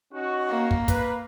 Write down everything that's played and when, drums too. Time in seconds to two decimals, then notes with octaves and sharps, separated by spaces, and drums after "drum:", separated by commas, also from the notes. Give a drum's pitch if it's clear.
0.13 C#4 D#4 F#4
0.49 A#3
0.71 drum: kick
0.88 B4, drum: kick, hi-hat